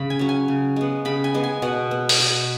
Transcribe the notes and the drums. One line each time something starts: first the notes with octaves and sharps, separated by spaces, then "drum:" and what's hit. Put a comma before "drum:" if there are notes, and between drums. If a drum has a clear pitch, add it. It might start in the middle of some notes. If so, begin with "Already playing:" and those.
Already playing: C#3 B5
G#5
F#3 C#4
G#5
C#3
G#3 B3
C#3 B5
G#5
G#3 B3
G#5
B2 F#5
B3
drum: open hi-hat
B2